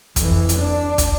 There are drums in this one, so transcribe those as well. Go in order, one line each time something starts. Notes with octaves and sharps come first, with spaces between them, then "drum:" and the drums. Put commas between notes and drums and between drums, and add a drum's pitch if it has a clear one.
F2 E3, drum: kick, hi-hat
drum: hi-hat
D4
drum: kick, hi-hat